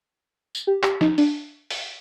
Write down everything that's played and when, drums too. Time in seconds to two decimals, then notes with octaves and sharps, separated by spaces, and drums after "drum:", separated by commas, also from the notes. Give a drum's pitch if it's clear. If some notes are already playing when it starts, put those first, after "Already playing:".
0.55 drum: tambourine
0.67 G4
0.83 G4, drum: clap
1.01 D#4, drum: snare
1.18 D4, drum: open hi-hat
1.70 drum: open hi-hat